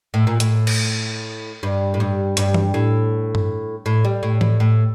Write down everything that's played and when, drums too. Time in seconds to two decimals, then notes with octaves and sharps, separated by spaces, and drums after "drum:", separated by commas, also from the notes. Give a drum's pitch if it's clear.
0.14 A2
0.27 A#2
0.40 A2, drum: hi-hat
0.67 drum: cymbal
1.63 G2
1.94 A2
2.00 G2
2.37 G2, drum: hi-hat
2.54 drum: tom E3
2.74 A2
3.35 drum: tom G2
3.86 A2
4.05 G3
4.23 A2
4.41 A2, drum: tom E3
4.60 A2